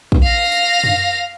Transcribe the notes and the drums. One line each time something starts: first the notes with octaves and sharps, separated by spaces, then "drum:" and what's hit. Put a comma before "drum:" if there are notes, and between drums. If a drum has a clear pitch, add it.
drum: kick
F5 A#6
drum: tambourine
drum: tom F#2